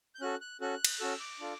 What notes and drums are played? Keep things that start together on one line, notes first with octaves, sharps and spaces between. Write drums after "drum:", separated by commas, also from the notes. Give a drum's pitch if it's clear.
G6
C#4 F#4 A4 F#6
F#6
C#4 F#4 A4 F#6
drum: cymbal
C#4 F#4 A4 E6
D6
D4 F4 A4